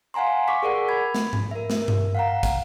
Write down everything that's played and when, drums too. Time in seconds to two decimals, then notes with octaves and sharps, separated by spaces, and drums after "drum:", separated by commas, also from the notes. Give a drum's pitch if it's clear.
0.14 F5 F#5 G#5 A#5 C6
0.48 C#6 D6 B6
0.63 G#4 A#4 D5 F#5
0.89 B5 G#6
1.15 drum: snare
1.33 drum: tom G#2
1.51 A#4 E5
1.70 drum: snare
1.88 drum: tom G2
2.15 F5 F#5 A#5
2.43 drum: kick, tambourine